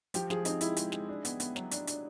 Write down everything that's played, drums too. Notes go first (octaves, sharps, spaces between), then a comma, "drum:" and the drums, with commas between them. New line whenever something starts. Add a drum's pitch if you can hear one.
F3 G4, drum: hi-hat
F3 G#4, drum: snare
C4 D#4, drum: hi-hat
G#3 E4, drum: hi-hat
G#3, drum: hi-hat
G#3, drum: snare
D4
B3, drum: hi-hat
B3, drum: hi-hat
F#3, drum: snare
D4, drum: hi-hat
D4, drum: hi-hat